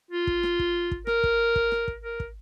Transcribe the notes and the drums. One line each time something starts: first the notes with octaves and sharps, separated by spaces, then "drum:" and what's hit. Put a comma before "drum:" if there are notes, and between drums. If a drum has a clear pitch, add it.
F4
drum: kick
drum: rim click
drum: kick
drum: kick
A#4, drum: rim click
drum: kick
drum: kick
drum: rim click
drum: kick
A#4
drum: kick